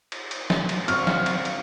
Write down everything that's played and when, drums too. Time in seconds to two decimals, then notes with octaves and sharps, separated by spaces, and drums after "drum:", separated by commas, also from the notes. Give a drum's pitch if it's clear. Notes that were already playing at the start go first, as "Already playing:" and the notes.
0.12 drum: cymbal
0.31 drum: cymbal
0.50 drum: snare
0.69 drum: cymbal
0.88 D3 C4 F#4 F5 C#6 F6, drum: cymbal
1.07 drum: snare
1.26 drum: cymbal
1.45 drum: cymbal